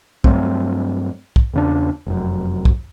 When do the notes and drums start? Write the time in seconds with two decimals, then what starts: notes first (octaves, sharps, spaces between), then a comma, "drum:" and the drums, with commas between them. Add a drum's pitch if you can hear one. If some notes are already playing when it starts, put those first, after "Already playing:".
0.24 G2 F#3 A3 C4, drum: kick B1
1.36 drum: kick B1
1.53 E2 C#3 D4
2.07 F1 F#2
2.65 drum: kick B1